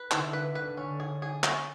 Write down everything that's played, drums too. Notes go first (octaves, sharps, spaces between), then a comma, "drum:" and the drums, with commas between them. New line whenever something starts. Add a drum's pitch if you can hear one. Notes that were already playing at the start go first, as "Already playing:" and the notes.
Already playing: B4
D3 E4, drum: clap
B4
B4
C#4
G#4
G#4
C#4, drum: clap